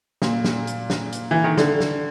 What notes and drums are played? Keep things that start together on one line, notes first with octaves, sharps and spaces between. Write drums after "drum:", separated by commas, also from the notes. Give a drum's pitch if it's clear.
A#2, drum: snare
drum: snare
drum: hi-hat
drum: snare
drum: hi-hat
E3
D#3
D3, drum: snare
drum: snare